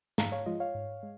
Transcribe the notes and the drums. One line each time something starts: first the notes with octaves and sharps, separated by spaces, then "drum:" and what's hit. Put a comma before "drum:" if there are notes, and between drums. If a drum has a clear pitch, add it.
G#2 F5 A#5, drum: snare
C#5 F5
F3 G#3 F4 D#5
C#5 F5
G#2
G#3